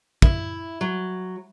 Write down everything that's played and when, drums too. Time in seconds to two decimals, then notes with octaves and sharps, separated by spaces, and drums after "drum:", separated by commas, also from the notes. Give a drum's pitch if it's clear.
0.22 E4, drum: kick
0.81 F#3